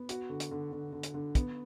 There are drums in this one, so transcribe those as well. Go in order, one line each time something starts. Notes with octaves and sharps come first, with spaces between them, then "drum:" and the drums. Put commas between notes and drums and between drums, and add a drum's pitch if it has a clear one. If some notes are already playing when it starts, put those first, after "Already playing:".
Already playing: B3
F#4, drum: hi-hat
D3
drum: hi-hat
D3
D3
D3
drum: hi-hat
D3
B3, drum: kick, hi-hat